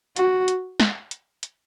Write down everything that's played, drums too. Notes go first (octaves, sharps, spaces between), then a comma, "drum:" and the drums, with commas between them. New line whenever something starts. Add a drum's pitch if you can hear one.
F#4, drum: hi-hat
drum: hi-hat
drum: snare
drum: hi-hat
drum: hi-hat